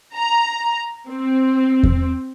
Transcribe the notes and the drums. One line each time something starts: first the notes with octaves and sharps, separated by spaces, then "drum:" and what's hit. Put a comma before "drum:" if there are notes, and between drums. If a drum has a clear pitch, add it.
A#5
C4
drum: kick E2